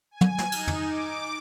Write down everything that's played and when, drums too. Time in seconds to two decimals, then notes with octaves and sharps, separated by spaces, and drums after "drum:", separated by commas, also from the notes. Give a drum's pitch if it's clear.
0.11 G#5
0.21 drum: tom
0.38 drum: snare
0.52 D#4, drum: cymbal
0.67 drum: tom
0.84 D6